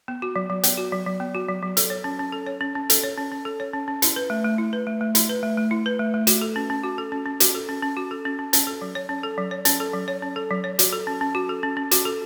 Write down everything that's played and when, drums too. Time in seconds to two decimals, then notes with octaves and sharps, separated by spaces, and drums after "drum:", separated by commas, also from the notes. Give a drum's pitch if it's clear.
0.08 B3
0.22 F#4
0.36 F#3
0.50 F#3
0.63 B3, drum: hi-hat
0.77 F#4
0.92 F#3
1.06 F#3
1.20 B3
1.35 F#4
1.49 F#3
1.62 F#3
1.77 A4, drum: hi-hat
1.90 C#5
2.04 C#4
2.19 C#4
2.32 A4
2.47 C#5
2.61 C#4
2.75 C#4
2.90 A4, drum: hi-hat
3.04 C#5
3.18 C#4
3.32 C#4
3.45 A4
3.60 C#5
3.73 C#4
3.88 C#4
4.02 E4, drum: hi-hat
4.16 B4
4.30 A3
4.44 A3
4.58 E4
4.73 B4
4.87 A3
5.01 A3
5.15 E4, drum: hi-hat
5.29 B4
5.43 A3
5.57 A3
5.71 E4
5.86 B4
5.99 A3
6.14 A3
6.27 F#4, drum: hi-hat
6.41 A4
6.56 C#4
6.70 C#4
6.84 F#4
6.98 A4
7.12 C#4
7.26 C#4
7.40 F#4, drum: hi-hat
7.55 A4
7.69 C#4
7.82 C#4
7.97 F#4
8.11 A4
8.25 C#4
8.39 C#4
8.53 C#4, drum: hi-hat
8.67 A4
8.81 F#3
8.95 C#5
9.09 C#4
9.23 A4
9.38 F#3
9.51 C#5
9.65 C#4, drum: hi-hat
9.80 A4
9.93 F#3
10.08 C#5
10.22 C#4
10.36 A4
10.51 F#3
10.64 C#5
10.79 F#4, drum: hi-hat
10.93 A4
11.07 C#4
11.21 C#4
11.35 F#4
11.49 A4
11.63 C#4
11.77 C#4
11.91 F#4, drum: hi-hat
12.05 A4